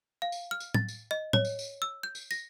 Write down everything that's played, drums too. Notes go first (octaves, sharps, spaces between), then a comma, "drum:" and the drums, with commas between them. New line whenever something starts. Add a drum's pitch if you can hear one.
F5
drum: tambourine
F6
drum: tambourine
A6, drum: tom A2
drum: tambourine
D#5
C#5, drum: tom A2
drum: tambourine
drum: tambourine
E6
G6
drum: tambourine
A#6, drum: tambourine